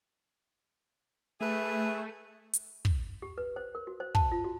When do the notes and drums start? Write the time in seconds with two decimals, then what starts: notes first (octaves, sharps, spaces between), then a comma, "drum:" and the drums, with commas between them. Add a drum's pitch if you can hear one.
1.41 A3 G#4 B4 E5
2.53 drum: hi-hat
2.85 drum: kick
3.22 G4
3.38 B4
3.56 C5
3.75 A#4
3.87 F#4
4.00 C5
4.15 A5, drum: kick
4.32 F4
4.44 F#4